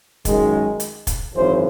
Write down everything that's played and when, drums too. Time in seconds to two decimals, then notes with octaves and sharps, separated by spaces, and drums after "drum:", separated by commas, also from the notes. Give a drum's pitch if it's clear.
0.25 F#2 D#3 G#3, drum: kick, hi-hat
0.80 drum: hi-hat
1.07 drum: kick, hi-hat
1.34 G#1 F#2 C#3 E3 C5